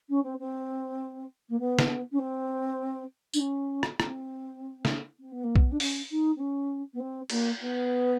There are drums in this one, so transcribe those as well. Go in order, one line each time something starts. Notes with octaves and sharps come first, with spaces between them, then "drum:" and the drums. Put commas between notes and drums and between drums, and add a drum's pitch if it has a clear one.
C#4
C4
C4
A#3
B3
drum: snare
C#4
C4
D4, drum: tambourine
C#4
drum: rim click
C4, drum: rim click
drum: snare
C4
B3
A#3
B3, drum: kick B1
D4
C#4, drum: open hi-hat
D#4
C4
C#4
B3
C4
A#3, drum: cymbal
B3